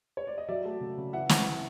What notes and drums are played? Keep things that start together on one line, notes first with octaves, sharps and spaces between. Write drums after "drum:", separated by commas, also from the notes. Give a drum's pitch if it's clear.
C#5
D5
D#5
F#3 D5 E5
A3
C#3
C#3
E3 E5 F#5
E3, drum: snare